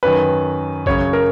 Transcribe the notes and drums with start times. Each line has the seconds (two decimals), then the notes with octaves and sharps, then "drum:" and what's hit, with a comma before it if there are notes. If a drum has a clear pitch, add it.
0.03 F#2 D#3 B4
0.86 F#2 C#3 C#5, drum: kick A1
1.13 A#4